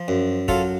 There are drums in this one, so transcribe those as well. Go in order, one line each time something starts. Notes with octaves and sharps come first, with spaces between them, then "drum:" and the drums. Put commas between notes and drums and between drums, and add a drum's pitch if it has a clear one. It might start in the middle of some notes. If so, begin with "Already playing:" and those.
Already playing: F3
F#2
F#3 F4 A4, drum: kick